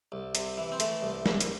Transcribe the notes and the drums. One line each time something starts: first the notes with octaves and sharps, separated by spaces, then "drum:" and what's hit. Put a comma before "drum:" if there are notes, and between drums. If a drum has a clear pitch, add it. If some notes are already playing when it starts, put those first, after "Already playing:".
C2
C3, drum: hi-hat
E3
C4
E3 A3, drum: hi-hat
C2
C2, drum: snare
drum: hi-hat